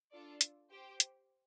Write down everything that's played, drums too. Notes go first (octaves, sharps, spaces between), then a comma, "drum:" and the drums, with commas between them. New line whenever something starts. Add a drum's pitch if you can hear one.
D4 F4 A4 D5
drum: hi-hat
G4 C5 G5
drum: hi-hat